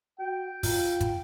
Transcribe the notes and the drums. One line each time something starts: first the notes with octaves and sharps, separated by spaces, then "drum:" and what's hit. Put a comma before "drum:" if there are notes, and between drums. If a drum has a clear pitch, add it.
F#4 G5
F4, drum: kick, open hi-hat
drum: kick, hi-hat